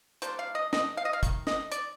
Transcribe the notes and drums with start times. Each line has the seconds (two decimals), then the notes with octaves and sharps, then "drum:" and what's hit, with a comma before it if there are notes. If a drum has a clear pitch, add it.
0.22 G3 A#3 D4 C5, drum: hi-hat
0.39 F5
0.55 D#5
0.73 D#5, drum: snare
0.97 F5
1.05 D#5
1.13 F5
1.23 D#3 G3, drum: kick, hi-hat
1.47 D#5, drum: snare
1.72 D5, drum: hi-hat